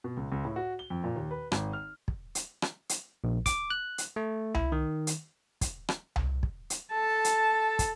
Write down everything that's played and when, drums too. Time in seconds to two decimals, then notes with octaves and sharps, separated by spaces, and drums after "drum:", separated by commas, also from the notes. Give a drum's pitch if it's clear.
0.04 B2
0.17 C#2
0.32 C#2
0.45 A2
0.56 F#4
0.79 G7
0.90 F2
1.04 A#2
1.16 D#2
1.31 B4
1.52 G#1, drum: rim click
1.73 F6
2.08 drum: kick
2.35 drum: hi-hat
2.62 drum: rim click
2.89 drum: hi-hat
3.24 A#1
3.46 D6, drum: kick, hi-hat
3.70 F#6
3.98 drum: hi-hat
4.16 A3
4.55 E4, drum: tom C2
4.72 D#3
5.07 drum: hi-hat
5.61 drum: kick, hi-hat
5.89 drum: rim click
6.16 drum: tom C2
6.43 drum: kick
6.70 drum: hi-hat
6.92 A4 A5
7.24 drum: hi-hat
7.79 drum: kick, hi-hat